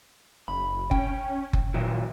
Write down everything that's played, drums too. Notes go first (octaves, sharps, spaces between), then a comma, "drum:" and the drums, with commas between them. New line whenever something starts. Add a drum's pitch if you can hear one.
F#1 B5
C#4 G5, drum: kick F#1
drum: kick F#1
A#2 D#3 F#3 E4